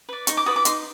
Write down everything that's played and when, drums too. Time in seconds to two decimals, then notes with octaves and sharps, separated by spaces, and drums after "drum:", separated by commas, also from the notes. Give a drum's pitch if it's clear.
0.09 B4 D5
0.27 D#4 C#6, drum: hi-hat
0.37 D6
0.46 F#4 B4 D5 D#6
0.56 D6
0.65 D#4 C6, drum: hi-hat